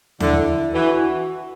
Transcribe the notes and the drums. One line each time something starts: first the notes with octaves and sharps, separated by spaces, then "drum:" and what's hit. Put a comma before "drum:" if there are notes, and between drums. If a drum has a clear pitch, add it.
D3 E4, drum: tom D#2
E3 F#4